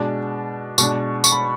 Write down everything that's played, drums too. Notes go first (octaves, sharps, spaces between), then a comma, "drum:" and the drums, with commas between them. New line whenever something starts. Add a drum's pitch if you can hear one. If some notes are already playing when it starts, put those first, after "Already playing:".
Already playing: B2 G#3 D4
B2 G#3 D4 C#6, drum: tambourine
C#6, drum: tambourine
B5